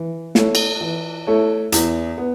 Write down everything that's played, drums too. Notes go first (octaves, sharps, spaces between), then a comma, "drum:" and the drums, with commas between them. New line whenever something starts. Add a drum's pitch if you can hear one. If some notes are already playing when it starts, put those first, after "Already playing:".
Already playing: E3
A3 E4 A4 C#5, drum: snare
drum: cymbal
E3
A3 E4 A4 C#5
E2, drum: hi-hat
B3